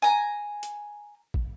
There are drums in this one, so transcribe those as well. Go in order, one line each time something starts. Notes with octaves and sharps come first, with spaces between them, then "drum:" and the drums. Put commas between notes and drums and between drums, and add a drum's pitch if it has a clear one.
G#5 A#5
drum: hi-hat
drum: kick